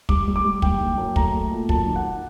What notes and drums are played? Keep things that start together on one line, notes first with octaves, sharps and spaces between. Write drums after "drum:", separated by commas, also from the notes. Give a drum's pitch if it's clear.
G3 D6, drum: kick
G3
D6
G3
F#1 G5, drum: kick
F#1
F#2
A3 A#5, drum: kick
A3
A#2
F#2 A5, drum: kick
D#3
F#5